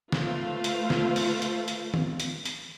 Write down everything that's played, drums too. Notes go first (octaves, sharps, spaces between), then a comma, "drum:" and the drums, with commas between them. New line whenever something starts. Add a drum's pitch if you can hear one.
A3 F4 B4 C5 F5, drum: snare
drum: hi-hat
drum: snare
drum: open hi-hat
drum: hi-hat
drum: hi-hat
drum: tom D#3
drum: hi-hat
drum: hi-hat